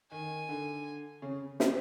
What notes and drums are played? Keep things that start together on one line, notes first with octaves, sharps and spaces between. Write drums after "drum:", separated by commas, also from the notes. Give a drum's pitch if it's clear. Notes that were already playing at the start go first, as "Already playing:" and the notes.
D#3 G#5
D3
C#3
drum: snare